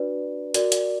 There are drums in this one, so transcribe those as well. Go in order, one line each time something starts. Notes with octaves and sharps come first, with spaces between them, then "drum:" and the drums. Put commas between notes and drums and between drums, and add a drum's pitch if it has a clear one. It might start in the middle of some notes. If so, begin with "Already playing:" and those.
Already playing: D4 F#4 B4 D5
F#4 A#4 D5, drum: hi-hat
drum: hi-hat